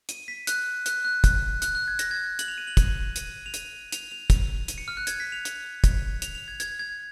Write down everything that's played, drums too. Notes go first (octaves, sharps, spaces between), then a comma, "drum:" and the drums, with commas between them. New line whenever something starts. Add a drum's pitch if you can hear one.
D#7, drum: hi-hat
B6
F#6, drum: hi-hat
F#6, drum: hi-hat
F#6
F#6, drum: kick, hi-hat
F#6, drum: hi-hat
F#6
G#6
A#6, drum: hi-hat
G#6
F#7, drum: hi-hat
F7
D#7
F#7
drum: kick, hi-hat
D#7, drum: hi-hat
F7
D#7, drum: hi-hat
F7, drum: hi-hat
F7
F7, drum: kick, hi-hat
D#7, drum: hi-hat
C#7
F6
F#6
G#6, drum: hi-hat
B6
F7
drum: hi-hat
drum: kick, hi-hat
F7, drum: hi-hat
F7
G#6
G#6, drum: hi-hat
G#6